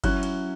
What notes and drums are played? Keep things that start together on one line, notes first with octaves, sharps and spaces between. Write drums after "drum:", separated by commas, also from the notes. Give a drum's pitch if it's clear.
F#3 C#4 E4 F#6, drum: kick G1, cymbal
drum: cymbal